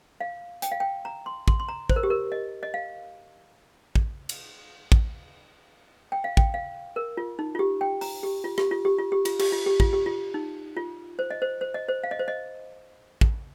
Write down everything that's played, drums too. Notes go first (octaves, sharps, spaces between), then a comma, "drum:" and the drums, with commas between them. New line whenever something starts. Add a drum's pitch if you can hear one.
F5
G5, drum: hi-hat
F5
G5
A#5
C6
C6, drum: kick
C6
A#5
C5, drum: kick
A#4
G4
A#4
D#5
D#5
F5
drum: kick
drum: cymbal
drum: kick
G5
F5
G5, drum: kick
F5
A#4
F4
D#4
F4
G4
G5
A#5, drum: open hi-hat
G4
F4
G4, drum: rim click
F4
G4
F4
G4
F4, drum: cymbal
G4, drum: cymbal
F4
G4
F4, drum: kick
G4
F4
D#4
F4
C5
D#5
C5
C5
D#5
C5
F5
D#5
C5
D#5
drum: kick